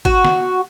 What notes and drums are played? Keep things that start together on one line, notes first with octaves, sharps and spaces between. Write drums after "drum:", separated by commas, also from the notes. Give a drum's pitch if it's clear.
F#4, drum: kick
drum: snare